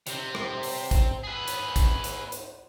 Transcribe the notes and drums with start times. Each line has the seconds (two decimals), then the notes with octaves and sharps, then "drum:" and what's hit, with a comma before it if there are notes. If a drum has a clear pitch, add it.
0.07 C3 C4, drum: hi-hat
0.35 drum: rim click
0.63 drum: open hi-hat
0.91 drum: kick A1, hi-hat
1.24 G#4 B4
1.48 drum: hi-hat
1.76 drum: kick A1, hi-hat
2.04 drum: hi-hat
2.32 drum: hi-hat